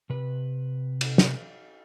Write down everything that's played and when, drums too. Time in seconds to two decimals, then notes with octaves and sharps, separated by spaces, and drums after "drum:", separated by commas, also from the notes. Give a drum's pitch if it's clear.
0.10 C3 B4
1.01 drum: cymbal
1.18 drum: snare